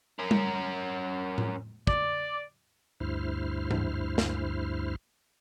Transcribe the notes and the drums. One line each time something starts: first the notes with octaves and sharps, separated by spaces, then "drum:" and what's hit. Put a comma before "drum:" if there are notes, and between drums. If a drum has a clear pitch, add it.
C#4 A#4
drum: tom G3
drum: tom A2
D5, drum: kick
D2 G2 E4 C5 F6
drum: tom G#2
drum: snare